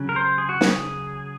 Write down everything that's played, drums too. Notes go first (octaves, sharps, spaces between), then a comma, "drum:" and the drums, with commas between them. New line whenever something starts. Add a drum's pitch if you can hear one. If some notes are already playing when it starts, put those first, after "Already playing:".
Already playing: C#3 F#3 C#4
A#4
C5
G#4
F#4
G#4, drum: snare